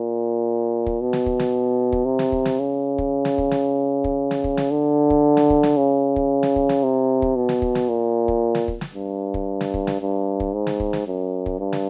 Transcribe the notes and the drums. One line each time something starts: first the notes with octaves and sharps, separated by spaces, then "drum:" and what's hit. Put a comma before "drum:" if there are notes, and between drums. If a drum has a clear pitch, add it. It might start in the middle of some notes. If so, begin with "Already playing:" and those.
Already playing: A#2
drum: kick
B2
drum: snare
drum: kick
drum: snare
drum: kick
C3
drum: snare
drum: kick
drum: snare
C#3
drum: kick
drum: snare
drum: kick
drum: snare
drum: kick
drum: snare
drum: kick
drum: snare
D3
drum: kick
drum: snare
drum: kick
drum: snare
C#3
drum: kick
drum: snare
drum: kick
drum: snare
C3
drum: kick
B2
drum: snare
drum: kick
drum: snare
A#2
drum: kick
drum: snare
drum: kick
drum: snare
G2
drum: kick
drum: snare
drum: kick
drum: snare
G2
drum: kick
G#2
drum: snare
drum: kick
drum: snare
F#2
drum: kick
G2
drum: snare